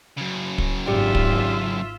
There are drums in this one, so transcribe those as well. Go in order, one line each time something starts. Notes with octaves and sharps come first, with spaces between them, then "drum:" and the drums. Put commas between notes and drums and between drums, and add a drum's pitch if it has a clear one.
F#2 C#3
drum: kick
G#1 F4 G4 D5 E5 G5
drum: kick